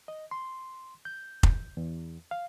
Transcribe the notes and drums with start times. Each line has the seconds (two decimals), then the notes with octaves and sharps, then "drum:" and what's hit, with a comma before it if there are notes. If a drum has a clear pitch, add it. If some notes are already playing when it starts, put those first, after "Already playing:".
0.08 D#5
0.31 C6
1.05 G6
1.43 drum: kick F1
1.77 E2
2.31 F5